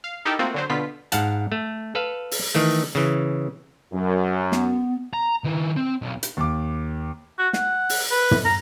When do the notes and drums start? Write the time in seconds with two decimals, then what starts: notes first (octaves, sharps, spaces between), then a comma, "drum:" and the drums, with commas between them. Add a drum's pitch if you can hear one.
0.04 F5
0.25 D#4 E4 G4 A4 A#4
0.39 A3 A#3 C4 F4 F#4
0.54 D3 F#3 C5
0.70 B2 D3 B3 F4 B6
1.12 G#2 F5 F#5 A5, drum: hi-hat
1.52 A3
1.95 A4 B4 F5
2.31 drum: open hi-hat
2.55 D#3 E3 A3
2.95 C#3 E3
3.93 F#2
4.52 B3, drum: snare
5.13 A#5
5.45 D#3 E4
5.77 C4
6.02 B1
6.23 drum: hi-hat
6.37 D#2 D6
7.39 F#4
7.53 F#5, drum: snare
7.89 drum: open hi-hat
8.11 B4
8.31 drum: tom
8.45 A#5